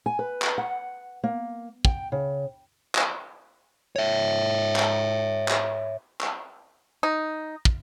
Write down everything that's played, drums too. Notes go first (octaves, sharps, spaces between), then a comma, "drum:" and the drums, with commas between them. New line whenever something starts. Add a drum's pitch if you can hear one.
G#5
B4
drum: clap
F#5
A#3
G5, drum: kick
C#3
drum: clap
C#5 E5
drum: clap
drum: clap
drum: clap
D#4
drum: kick